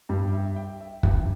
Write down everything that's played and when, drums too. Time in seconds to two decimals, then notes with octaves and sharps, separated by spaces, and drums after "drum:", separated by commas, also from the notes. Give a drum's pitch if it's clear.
0.09 G2 G3
0.27 G5
0.33 E5
0.56 G5
0.81 E5
1.03 G2 G3 G5, drum: kick